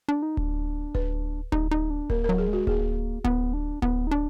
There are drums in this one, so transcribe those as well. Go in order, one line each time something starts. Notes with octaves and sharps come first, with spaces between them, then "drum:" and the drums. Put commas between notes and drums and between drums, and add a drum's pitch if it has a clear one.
D4
D#4
D4, drum: kick D1
B4, drum: kick D1
D#4, drum: kick D1
D#4
D4
A#3 A#4, drum: kick D1
F#3 A#4
G#4
G#3
F#4
A#3 G#4, drum: kick D1
B3, drum: kick D1
D4
B3, drum: kick D1
D#4
D4